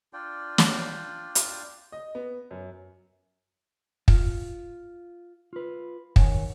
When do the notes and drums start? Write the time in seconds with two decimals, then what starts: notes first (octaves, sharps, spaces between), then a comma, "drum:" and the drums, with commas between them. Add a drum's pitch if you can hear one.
0.13 D4 F4 D5 G5
0.58 drum: snare
1.35 drum: hi-hat
1.92 D#5
2.15 B3
2.51 F#2
4.08 F4, drum: kick
5.53 F4 B4
6.16 D#3 C#5 F#5 G#5, drum: kick